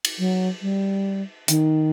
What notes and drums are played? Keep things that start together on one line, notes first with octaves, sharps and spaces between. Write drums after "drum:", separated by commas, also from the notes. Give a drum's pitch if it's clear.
drum: cymbal
F#3
G3
D#3, drum: hi-hat